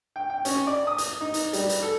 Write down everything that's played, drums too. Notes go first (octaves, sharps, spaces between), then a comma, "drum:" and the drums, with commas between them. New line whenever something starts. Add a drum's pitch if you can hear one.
G5
G5
C#4, drum: hi-hat
D5
D#6
drum: hi-hat
D#4
drum: hi-hat
G3, drum: hi-hat
drum: hi-hat
A4